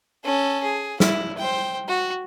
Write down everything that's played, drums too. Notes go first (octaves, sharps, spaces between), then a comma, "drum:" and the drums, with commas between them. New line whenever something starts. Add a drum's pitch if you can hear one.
C#4 A4
G#4
E4, drum: snare
C5 G5
F#4